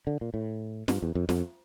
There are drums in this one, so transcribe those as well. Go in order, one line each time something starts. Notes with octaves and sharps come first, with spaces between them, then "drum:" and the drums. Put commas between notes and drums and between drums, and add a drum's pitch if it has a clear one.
D3
A#2
A2
G2, drum: snare
E2
F2
F2, drum: snare